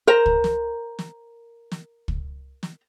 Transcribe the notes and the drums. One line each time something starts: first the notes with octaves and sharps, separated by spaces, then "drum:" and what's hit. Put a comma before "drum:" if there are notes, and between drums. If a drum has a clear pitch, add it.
A#4 C5 A#5
drum: kick
drum: snare
drum: snare
drum: snare
drum: kick
drum: snare